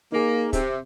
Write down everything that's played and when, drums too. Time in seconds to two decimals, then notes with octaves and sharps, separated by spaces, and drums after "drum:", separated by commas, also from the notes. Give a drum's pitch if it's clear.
0.12 A#3 D#4 G#4
0.53 C3, drum: kick, hi-hat